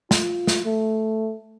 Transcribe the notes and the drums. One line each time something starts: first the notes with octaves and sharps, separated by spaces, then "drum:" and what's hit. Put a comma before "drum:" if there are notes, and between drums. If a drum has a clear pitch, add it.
F4, drum: snare
drum: snare
A3